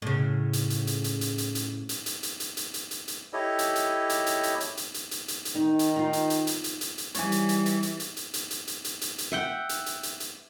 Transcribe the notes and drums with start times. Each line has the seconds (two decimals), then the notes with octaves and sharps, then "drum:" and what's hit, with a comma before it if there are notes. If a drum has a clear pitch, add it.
0.02 A2 C#3
0.53 drum: hi-hat
0.70 drum: hi-hat
0.87 drum: hi-hat
1.04 drum: hi-hat
1.21 drum: hi-hat
1.38 drum: hi-hat
1.55 drum: hi-hat
1.89 drum: hi-hat
2.06 drum: hi-hat
2.23 drum: hi-hat
2.40 drum: hi-hat
2.57 drum: hi-hat
2.74 drum: hi-hat
2.91 drum: hi-hat
3.08 drum: hi-hat
3.33 E4 G4 A4 C#5 D#5
3.59 drum: hi-hat
3.76 drum: hi-hat
4.10 drum: hi-hat
4.26 drum: hi-hat
4.43 drum: hi-hat
4.60 drum: hi-hat
4.77 drum: hi-hat
4.94 drum: hi-hat
5.11 drum: hi-hat
5.28 drum: hi-hat
5.45 drum: hi-hat
5.55 D#3 D#4
5.79 drum: hi-hat
5.96 D#4 F4
6.13 drum: hi-hat
6.30 drum: hi-hat
6.47 drum: hi-hat
6.64 drum: hi-hat
6.81 drum: hi-hat
6.98 drum: hi-hat
7.15 E3 G3 C#5 G#5, drum: hi-hat
7.32 drum: hi-hat
7.49 drum: hi-hat
7.66 drum: hi-hat
7.83 drum: hi-hat
8.00 drum: hi-hat
8.17 drum: hi-hat
8.34 drum: hi-hat
8.51 drum: hi-hat
8.68 drum: hi-hat
8.84 drum: hi-hat
9.01 drum: hi-hat
9.18 drum: hi-hat
9.32 E5 F#5 G5
9.69 drum: hi-hat
9.86 drum: hi-hat
10.03 drum: hi-hat
10.20 drum: hi-hat